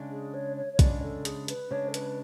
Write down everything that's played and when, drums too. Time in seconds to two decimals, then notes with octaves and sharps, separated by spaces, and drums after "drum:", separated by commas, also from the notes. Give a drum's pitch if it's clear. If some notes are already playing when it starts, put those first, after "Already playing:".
Already playing: C#3 G#3 D4
0.11 G#4
0.33 C#5
0.56 C#5
0.72 C#5
0.79 C#3 G#3 D4 D5, drum: kick B1, hi-hat
1.02 A4
1.25 G#4, drum: hi-hat
1.48 B4, drum: hi-hat
1.71 C#3 G#3 D4 C#5
1.88 A4
1.94 B4, drum: hi-hat